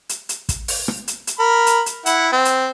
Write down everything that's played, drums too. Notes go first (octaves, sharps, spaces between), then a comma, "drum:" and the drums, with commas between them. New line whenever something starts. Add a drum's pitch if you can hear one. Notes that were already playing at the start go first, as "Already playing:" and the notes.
drum: hi-hat
drum: hi-hat
drum: kick, hi-hat
drum: open hi-hat
drum: rim click
drum: hi-hat
drum: hi-hat
A#4 B5
drum: hi-hat
drum: hi-hat
E4 F#5, drum: hi-hat
C4
drum: hi-hat